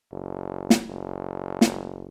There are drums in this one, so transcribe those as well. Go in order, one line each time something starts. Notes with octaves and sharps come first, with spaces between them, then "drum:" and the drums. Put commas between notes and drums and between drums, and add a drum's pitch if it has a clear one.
F#1
drum: snare
F#1
drum: snare